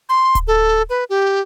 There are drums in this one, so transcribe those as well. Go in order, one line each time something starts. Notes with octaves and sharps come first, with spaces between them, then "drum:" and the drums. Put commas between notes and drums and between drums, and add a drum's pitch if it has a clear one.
C6
drum: kick D1, hi-hat
A4
B4
G4